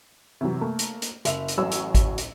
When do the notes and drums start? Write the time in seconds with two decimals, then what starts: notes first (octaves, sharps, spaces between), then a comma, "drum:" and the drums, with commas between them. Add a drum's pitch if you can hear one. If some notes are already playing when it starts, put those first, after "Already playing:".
0.41 C3 E3 F#3
0.61 A3 A#3
0.79 drum: hi-hat
1.02 drum: hi-hat
1.25 F#1 E5 F7, drum: hi-hat
1.48 drum: hi-hat
1.58 A1 F#3 C#5 E6
1.71 drum: hi-hat
1.95 drum: kick G#1, hi-hat
2.18 drum: hi-hat